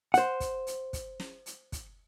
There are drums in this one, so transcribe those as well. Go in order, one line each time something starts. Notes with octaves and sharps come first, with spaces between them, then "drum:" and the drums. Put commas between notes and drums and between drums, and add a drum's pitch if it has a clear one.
C5 F#5, drum: hi-hat
drum: kick, hi-hat
drum: hi-hat
drum: kick, hi-hat
drum: snare
drum: hi-hat
drum: kick, hi-hat